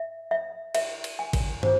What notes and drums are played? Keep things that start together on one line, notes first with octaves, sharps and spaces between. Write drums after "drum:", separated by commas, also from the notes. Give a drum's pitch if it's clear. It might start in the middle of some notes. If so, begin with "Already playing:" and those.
Already playing: E5
E5
E5, drum: cymbal
drum: cymbal
G#5
drum: kick, cymbal
C5, drum: tom